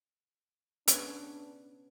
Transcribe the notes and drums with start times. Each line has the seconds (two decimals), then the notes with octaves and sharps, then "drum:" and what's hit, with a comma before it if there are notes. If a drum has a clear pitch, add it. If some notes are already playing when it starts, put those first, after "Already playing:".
0.88 B3 C#4 D4 G#4 B4 C#5, drum: hi-hat